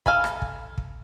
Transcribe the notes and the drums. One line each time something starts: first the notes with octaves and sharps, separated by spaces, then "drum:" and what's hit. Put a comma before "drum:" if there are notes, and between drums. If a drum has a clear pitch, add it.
A4 F5 G#5 B5, drum: kick
drum: rim click
drum: kick
drum: kick